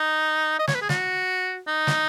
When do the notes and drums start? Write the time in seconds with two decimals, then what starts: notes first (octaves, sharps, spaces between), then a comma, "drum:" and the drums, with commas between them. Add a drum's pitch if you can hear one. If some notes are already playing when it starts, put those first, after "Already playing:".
Already playing: D#4
0.59 D#5
0.68 C#5, drum: snare
0.75 B4
0.82 G#4
0.89 F#4, drum: snare
1.67 D#4
1.87 drum: snare